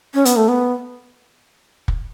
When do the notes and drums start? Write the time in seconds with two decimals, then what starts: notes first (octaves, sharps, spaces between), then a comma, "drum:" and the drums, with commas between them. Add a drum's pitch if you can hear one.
0.14 C#4
0.25 B3, drum: hi-hat
0.36 A3
0.48 B3
1.88 drum: kick